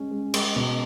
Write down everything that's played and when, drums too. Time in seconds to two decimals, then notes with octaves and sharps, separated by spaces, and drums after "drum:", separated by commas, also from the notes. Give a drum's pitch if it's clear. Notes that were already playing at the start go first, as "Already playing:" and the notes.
Already playing: G#3 C#4
0.11 G#3
0.34 G#3, drum: cymbal
0.56 B2